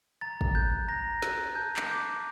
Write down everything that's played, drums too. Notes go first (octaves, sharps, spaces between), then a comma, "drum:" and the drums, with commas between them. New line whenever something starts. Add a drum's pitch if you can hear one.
A#5 A6
drum: kick
F#6 G6
A#5 A#6
F#6, drum: snare
A5 G6
drum: clap
D6 G6